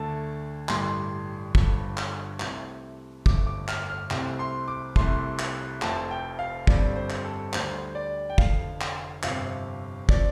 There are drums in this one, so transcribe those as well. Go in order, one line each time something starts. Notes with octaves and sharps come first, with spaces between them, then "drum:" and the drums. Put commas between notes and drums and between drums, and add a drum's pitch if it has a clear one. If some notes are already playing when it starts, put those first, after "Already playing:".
Already playing: D2 D3 A3 A5
A1 G2 D3 G3 C6, drum: clap
G1 G2 D3 F3, drum: kick
drum: clap
C2 C3 A3, drum: clap
G1 F2 D3 A3 D6, drum: kick
D6
F6, drum: clap
F6
C2 C3 A3 C4, drum: clap
C6
D6
C2 C3 A3 C6, drum: kick
drum: clap
F1 F2 F3 A3 C4 A5, drum: clap
G5
F5
G1 F2 D3 G3 C4 D5, drum: kick
C5
drum: clap
A4
D2 D3 G3 C5, drum: clap
D5
G5
F1 F2 D3 F5, drum: kick
drum: clap
G1 F2 C3 F3 C4 F5, drum: clap
F3 C4 D5, drum: kick